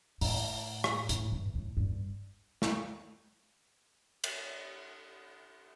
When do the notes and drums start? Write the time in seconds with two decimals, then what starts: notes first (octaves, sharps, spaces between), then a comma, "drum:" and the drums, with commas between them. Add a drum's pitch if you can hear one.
0.21 A2, drum: open hi-hat
0.84 drum: rim click
1.09 A2, drum: hi-hat
1.32 G2
1.55 A2
1.77 G2
2.62 drum: snare
4.24 drum: cymbal